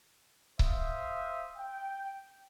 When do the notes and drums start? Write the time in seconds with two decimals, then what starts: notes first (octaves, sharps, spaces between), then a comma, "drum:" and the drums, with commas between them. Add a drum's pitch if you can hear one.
0.59 C5 E5 F5 D#6, drum: kick C#1
1.57 G5